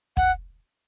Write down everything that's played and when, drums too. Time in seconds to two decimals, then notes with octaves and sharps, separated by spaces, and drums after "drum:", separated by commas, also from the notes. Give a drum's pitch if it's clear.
0.17 F#5, drum: kick